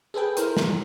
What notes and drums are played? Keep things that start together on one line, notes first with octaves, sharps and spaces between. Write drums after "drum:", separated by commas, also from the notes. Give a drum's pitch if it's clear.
G#4 A4 B4 G5
E4 A#4 C5, drum: hi-hat
drum: snare